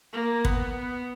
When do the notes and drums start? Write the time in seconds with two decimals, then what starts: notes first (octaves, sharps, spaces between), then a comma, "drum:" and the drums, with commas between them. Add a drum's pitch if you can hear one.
0.13 A#3
0.45 B3, drum: kick